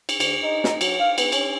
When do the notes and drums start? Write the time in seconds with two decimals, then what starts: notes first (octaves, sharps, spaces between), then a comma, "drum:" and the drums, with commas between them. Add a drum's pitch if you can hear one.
0.09 drum: cymbal
0.20 D2, drum: cymbal
0.43 D#4
0.64 D#4, drum: snare
0.81 F#3, drum: cymbal
0.99 F5
1.18 B3, drum: cymbal
1.32 C#4, drum: cymbal